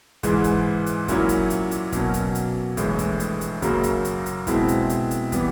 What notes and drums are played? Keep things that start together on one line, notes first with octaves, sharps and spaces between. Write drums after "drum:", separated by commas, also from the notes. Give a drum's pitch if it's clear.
G#2 E3 G#3, drum: kick, hi-hat
drum: kick, hi-hat
drum: hi-hat
A#2 F#3 A#3 C#4 E4, drum: kick, hi-hat
drum: kick, hi-hat
drum: hi-hat
drum: hi-hat
B2 F#3 A#3 C#4, drum: kick, hi-hat
drum: kick, hi-hat
drum: hi-hat
A#1 A2 E3 G#3, drum: kick, hi-hat
drum: kick, hi-hat
drum: hi-hat
drum: hi-hat
F#2 C#3 F#3 A#3, drum: kick, hi-hat
drum: kick, hi-hat
drum: hi-hat
drum: hi-hat
B2 G#3 C4 E4, drum: kick, hi-hat
drum: kick, hi-hat
drum: hi-hat
drum: hi-hat
E3 G3 B3, drum: kick, hi-hat